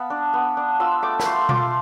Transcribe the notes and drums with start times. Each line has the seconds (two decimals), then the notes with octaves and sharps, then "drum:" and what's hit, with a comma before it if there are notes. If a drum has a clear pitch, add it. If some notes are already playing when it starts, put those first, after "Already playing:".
Already playing: B3 F5 A5 B5
0.10 D4
0.33 B3
0.57 D4
0.80 F4 E6
1.02 A3 D6
1.19 B5, drum: snare
1.26 A3 C6
1.49 F4 D6, drum: tom B2